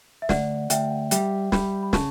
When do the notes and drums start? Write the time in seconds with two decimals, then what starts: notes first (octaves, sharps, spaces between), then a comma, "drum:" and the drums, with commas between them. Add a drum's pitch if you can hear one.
0.22 E5
0.29 D2 D5 F#5, drum: snare
0.70 D2 E5 G5, drum: hi-hat
1.11 G3 E5 G5, drum: hi-hat
1.52 G3 G5 B5, drum: snare
1.83 B5
1.93 C#3 A5 C#6, drum: snare